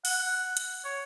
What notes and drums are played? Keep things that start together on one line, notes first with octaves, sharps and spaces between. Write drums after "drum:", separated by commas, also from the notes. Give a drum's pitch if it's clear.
F#5, drum: open hi-hat
drum: hi-hat
C#5